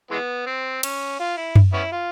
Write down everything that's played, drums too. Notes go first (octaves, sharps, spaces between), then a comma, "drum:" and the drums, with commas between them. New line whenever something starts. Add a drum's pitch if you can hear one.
E3 G#3 B3
C4
C#4, drum: cymbal
F4
E4
drum: tom F#2
B3 C#4 E4
F4